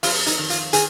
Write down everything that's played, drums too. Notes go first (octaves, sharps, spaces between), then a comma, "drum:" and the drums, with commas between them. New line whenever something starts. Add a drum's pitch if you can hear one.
F2 F4, drum: open hi-hat
D#4, drum: hi-hat
D#3
F4, drum: hi-hat
D#3 G#4, drum: hi-hat